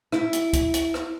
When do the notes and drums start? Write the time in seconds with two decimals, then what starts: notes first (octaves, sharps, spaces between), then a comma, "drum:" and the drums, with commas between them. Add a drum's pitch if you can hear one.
0.12 E4, drum: rim click
0.33 drum: hi-hat
0.53 drum: kick, hi-hat
0.74 drum: hi-hat
0.94 drum: rim click